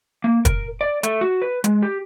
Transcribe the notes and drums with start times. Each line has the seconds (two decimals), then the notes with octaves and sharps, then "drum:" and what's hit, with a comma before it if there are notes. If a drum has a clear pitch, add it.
0.24 A#3
0.45 A#4, drum: kick, hi-hat
0.81 D5
1.03 A3, drum: hi-hat
1.21 F#4
1.42 B4
1.64 G#3, drum: hi-hat
1.82 G4